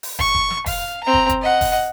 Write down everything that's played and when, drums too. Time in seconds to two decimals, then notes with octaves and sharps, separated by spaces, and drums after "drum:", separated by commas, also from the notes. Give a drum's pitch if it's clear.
0.03 drum: open hi-hat
0.19 C#6, drum: kick
0.35 drum: kick
0.50 drum: snare
0.66 F5, drum: kick, open hi-hat
1.04 C4 A#5
1.14 drum: kick
1.29 drum: kick, hi-hat
1.42 D#5 F#5
1.61 drum: kick, open hi-hat